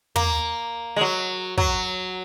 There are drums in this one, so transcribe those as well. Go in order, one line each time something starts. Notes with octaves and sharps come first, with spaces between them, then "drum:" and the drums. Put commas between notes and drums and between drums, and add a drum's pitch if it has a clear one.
A#3, drum: tom
G#3
F#3
F#3, drum: kick